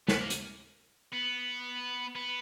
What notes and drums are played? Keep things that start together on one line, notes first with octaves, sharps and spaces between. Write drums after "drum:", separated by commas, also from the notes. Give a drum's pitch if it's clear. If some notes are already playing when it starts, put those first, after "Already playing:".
B3, drum: snare
A#3
drum: hi-hat
B3
B3